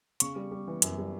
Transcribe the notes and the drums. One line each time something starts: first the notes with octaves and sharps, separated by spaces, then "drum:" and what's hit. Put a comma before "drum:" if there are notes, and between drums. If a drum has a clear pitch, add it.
C#3 C#6, drum: hi-hat
G3
G3
E3
F#2, drum: hi-hat
G3